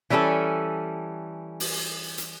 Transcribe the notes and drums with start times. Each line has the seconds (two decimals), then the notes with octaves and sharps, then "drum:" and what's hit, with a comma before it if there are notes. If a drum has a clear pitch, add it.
0.10 E3 G3 C#4 D#4 A4
1.60 drum: open hi-hat
2.18 drum: hi-hat